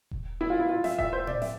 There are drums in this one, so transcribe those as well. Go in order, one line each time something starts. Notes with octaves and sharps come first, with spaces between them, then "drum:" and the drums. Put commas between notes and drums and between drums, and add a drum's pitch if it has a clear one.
drum: kick E1
E4
F4
E4
F4
E5, drum: snare
E5, drum: kick E1
C5
D5, drum: tom A2
E5, drum: snare